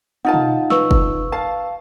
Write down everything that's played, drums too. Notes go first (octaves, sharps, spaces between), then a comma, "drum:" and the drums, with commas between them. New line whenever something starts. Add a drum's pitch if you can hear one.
D#4 F4 F#5 A5
drum: tom B2
B4 C#6 E6, drum: snare
drum: kick
F5 A5